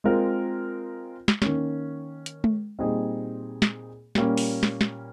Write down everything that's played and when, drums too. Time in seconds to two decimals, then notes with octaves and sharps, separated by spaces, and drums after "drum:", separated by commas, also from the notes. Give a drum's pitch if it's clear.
0.04 G#3 C4 F4 A#4
1.28 drum: snare
1.42 D#3 A#3 C#4, drum: snare
2.26 drum: hi-hat
2.44 drum: tom G#3
2.79 A#2 G3 C4 D#4 G#4
3.62 drum: snare
4.15 A#2 G3 A#3 C#4, drum: snare
4.37 drum: open hi-hat
4.63 drum: snare
4.81 drum: snare